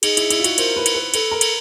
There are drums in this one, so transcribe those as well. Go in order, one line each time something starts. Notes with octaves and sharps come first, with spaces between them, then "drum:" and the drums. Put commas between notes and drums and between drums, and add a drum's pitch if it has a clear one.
D#4 G#4, drum: cymbal
E4, drum: cymbal
E4, drum: cymbal
F4
F#4, drum: cymbal
A#4 C5, drum: cymbal
B4
drum: cymbal
B4
A4 B4, drum: cymbal
A#4
drum: cymbal